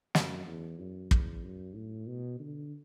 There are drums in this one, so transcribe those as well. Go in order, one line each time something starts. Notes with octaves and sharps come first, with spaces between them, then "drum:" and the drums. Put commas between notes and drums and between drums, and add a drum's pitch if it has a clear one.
F#2, drum: snare
E2
F#2
E2, drum: kick
F#2
A2
B2
D3